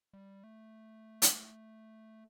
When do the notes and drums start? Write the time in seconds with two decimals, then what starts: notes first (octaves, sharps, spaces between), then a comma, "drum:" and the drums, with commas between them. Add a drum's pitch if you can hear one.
0.13 G3
0.44 A3
1.22 drum: hi-hat